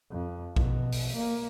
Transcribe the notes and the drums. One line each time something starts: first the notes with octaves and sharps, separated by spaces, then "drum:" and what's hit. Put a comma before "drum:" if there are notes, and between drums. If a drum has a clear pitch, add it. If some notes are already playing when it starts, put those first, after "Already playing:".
F2
B2, drum: kick A#1
drum: open hi-hat
A#3